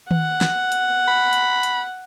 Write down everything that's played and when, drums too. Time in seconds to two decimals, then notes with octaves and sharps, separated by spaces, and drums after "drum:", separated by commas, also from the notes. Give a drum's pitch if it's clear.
0.11 F#5, drum: tom D#3
0.41 drum: snare
0.72 drum: hi-hat
1.08 B5
1.33 drum: hi-hat
1.63 drum: hi-hat